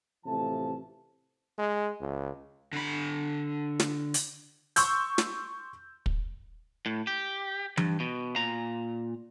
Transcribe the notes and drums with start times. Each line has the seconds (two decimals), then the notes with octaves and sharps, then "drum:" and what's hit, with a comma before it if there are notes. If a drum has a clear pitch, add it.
0.26 A1 C3 E3 F3 A3 A5
1.59 G#3
2.00 C#2
2.73 D3 B5
3.80 drum: snare
4.14 drum: hi-hat
4.76 C6 C#6 E6 G6, drum: hi-hat
5.18 drum: snare
6.06 drum: kick
6.86 A2
7.07 G4
7.77 G2, drum: tom E3
8.00 B2
8.36 A#2 A#5